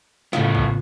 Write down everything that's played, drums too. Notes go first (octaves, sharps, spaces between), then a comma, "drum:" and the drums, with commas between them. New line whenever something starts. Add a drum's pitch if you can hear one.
A2 C#3 A3 B3 F4, drum: snare
drum: kick